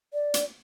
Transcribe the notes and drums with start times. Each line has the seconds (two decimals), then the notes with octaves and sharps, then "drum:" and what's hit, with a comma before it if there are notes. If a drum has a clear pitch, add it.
0.13 D5
0.34 drum: hi-hat